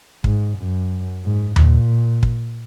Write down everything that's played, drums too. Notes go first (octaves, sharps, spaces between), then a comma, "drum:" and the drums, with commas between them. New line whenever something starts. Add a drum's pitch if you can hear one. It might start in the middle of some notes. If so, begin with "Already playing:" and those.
G#2, drum: kick
F#2
G#2
A#2, drum: tom D#2
drum: kick